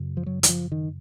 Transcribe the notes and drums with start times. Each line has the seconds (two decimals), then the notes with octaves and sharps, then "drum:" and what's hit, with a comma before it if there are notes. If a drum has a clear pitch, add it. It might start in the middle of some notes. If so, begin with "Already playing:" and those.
Already playing: F#2 C#3
0.17 F3
0.26 F#3
0.43 E3, drum: hi-hat
0.49 F3
0.72 D#3